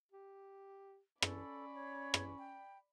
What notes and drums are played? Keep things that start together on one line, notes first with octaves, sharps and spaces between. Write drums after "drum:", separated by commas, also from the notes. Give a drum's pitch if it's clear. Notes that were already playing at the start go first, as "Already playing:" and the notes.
G4
C#4 A4 D5 B5, drum: rim click
C#5
drum: rim click
G5